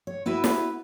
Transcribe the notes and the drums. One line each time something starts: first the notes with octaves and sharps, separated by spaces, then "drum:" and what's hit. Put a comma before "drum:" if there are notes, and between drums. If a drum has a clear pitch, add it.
C#5
B3 E4 F#4 B4
drum: snare